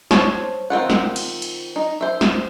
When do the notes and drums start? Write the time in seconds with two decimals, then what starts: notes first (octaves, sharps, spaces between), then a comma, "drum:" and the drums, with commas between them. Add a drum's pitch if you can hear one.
0.11 C5 C#5 A5, drum: snare
0.70 D#3 C4 F4 F#5
0.90 drum: snare
1.16 drum: cymbal
1.42 drum: cymbal
1.76 D#4
2.01 C5 E5
2.21 drum: snare